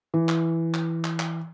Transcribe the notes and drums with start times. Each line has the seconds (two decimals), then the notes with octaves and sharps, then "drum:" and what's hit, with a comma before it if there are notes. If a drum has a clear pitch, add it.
0.14 E3
0.29 drum: clap
0.74 drum: clap
1.05 drum: clap
1.20 drum: clap